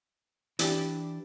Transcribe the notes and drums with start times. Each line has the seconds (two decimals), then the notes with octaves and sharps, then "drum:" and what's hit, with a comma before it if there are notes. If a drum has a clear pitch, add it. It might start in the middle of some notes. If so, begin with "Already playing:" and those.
0.59 E3 D4 G4, drum: hi-hat